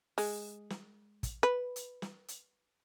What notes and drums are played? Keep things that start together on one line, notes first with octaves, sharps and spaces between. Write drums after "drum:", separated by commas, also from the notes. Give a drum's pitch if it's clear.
G#3, drum: open hi-hat
drum: snare
drum: kick, hi-hat
B4
drum: hi-hat
drum: snare
drum: hi-hat